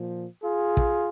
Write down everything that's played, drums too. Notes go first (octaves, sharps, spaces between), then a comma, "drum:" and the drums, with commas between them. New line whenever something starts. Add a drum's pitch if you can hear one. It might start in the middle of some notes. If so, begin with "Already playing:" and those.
Already playing: A#2 F3
F4 G#4
drum: kick